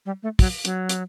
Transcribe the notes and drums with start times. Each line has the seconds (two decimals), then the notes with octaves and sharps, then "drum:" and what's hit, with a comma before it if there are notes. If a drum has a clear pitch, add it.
0.06 G3
0.23 A3
0.39 F#3, drum: kick, open hi-hat
0.65 F#3, drum: hi-hat
0.89 drum: hi-hat